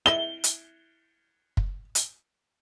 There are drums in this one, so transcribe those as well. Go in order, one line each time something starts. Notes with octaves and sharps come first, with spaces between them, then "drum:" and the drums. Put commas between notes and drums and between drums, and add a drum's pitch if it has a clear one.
E4 D#5 E5 G7
drum: hi-hat
drum: kick
drum: hi-hat